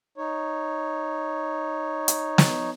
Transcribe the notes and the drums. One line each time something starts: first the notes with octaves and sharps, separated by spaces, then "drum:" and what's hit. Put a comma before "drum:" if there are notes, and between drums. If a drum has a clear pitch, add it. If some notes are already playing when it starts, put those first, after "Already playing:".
D#4 C#5
drum: hi-hat
drum: snare